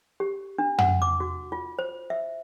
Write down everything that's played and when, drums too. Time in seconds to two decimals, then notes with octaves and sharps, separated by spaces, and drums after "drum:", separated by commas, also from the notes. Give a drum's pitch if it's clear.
0.20 G4
0.58 D4
0.78 F#5, drum: tom
1.02 D6
1.20 F#4
1.52 F4
1.79 C5
2.10 E5